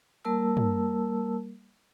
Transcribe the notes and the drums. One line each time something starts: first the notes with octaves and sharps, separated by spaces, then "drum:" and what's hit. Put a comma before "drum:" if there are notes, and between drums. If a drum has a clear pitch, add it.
G3 A#3 A#4 A5 E6
drum: tom